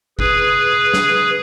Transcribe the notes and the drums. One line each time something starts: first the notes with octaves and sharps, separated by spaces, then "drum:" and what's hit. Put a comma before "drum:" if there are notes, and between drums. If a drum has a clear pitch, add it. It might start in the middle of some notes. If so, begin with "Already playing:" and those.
G#4 B4, drum: kick G1
drum: snare